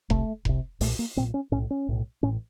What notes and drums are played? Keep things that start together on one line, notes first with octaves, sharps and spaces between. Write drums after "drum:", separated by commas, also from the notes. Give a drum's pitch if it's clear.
C2 C3 A3, drum: kick F1
C2 C3, drum: kick F1
B1 A#2 A3, drum: open hi-hat
A#3
B1 A#2 C4
C#4
B1 A2 C#4
C#4
B1 A2
A1 A2 C#4